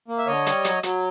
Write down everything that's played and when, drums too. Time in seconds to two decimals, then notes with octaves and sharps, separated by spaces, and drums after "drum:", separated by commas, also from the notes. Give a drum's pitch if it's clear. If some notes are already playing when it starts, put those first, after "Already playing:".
0.08 A#3
0.18 E5
0.27 D3 C#5 D#5
0.46 G3, drum: hi-hat
0.64 F#3, drum: hi-hat
0.83 F#3, drum: hi-hat